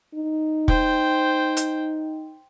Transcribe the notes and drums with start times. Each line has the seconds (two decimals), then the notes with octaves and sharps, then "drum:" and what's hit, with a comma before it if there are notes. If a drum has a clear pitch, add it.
0.15 D#4
0.68 C5 G5, drum: kick
1.57 drum: hi-hat